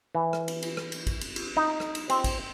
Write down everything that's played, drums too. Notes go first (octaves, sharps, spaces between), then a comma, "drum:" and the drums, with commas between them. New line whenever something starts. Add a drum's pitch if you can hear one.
E3
drum: rim click
drum: cymbal
drum: cymbal
drum: rim click
drum: cymbal
drum: kick, cymbal
drum: cymbal
drum: cymbal
D#4
drum: rim click
drum: cymbal
C4, drum: cymbal
drum: kick, cymbal